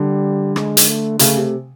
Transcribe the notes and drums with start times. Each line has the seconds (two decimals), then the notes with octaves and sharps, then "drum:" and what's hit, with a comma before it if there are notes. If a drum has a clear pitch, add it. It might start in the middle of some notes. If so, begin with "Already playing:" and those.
Already playing: D3 G3
0.56 G#3, drum: rim click
0.77 drum: hi-hat
0.88 A3
1.19 C#3 A3, drum: hi-hat
1.35 C3